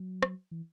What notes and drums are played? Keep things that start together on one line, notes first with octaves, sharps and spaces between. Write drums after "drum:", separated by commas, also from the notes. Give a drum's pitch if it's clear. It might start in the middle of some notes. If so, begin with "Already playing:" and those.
Already playing: F#3
drum: rim click
E3